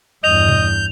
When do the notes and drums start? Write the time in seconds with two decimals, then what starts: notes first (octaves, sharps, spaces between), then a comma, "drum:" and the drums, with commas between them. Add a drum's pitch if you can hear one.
0.24 E2 G2 D#5 G6 F7
0.48 drum: tom A#2